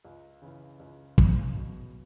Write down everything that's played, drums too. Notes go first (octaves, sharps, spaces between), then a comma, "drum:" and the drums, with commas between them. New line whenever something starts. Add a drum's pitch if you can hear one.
C#2
C#3 E3
C#2
C#3 E3, drum: kick
B2